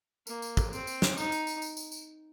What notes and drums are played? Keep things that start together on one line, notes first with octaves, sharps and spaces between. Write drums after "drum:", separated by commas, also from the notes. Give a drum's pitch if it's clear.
A#3, drum: tambourine
drum: tambourine
drum: kick, tambourine
C4, drum: tambourine
drum: tambourine
drum: snare
D#4, drum: tambourine
drum: tambourine
drum: tambourine
drum: tambourine
drum: tambourine
drum: tambourine